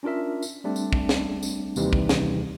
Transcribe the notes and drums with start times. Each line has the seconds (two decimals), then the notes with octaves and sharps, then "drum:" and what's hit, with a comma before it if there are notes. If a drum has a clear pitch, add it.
0.03 C#4 D4 F4 A#4 E5
0.42 drum: tambourine
0.64 G3 A3 C4 D4
0.76 drum: tambourine
0.93 drum: kick
1.09 drum: snare
1.43 drum: tambourine
1.76 D#2 C3 E3 G3 D#4, drum: tambourine
1.93 drum: kick
2.09 drum: snare